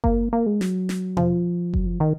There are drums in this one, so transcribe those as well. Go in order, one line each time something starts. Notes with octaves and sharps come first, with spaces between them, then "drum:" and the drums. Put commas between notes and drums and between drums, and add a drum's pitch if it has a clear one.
A#3, drum: kick F#1
A#3
G#3
F#3, drum: snare
drum: snare
F3, drum: tom
F#3, drum: kick F#1
F3
D#3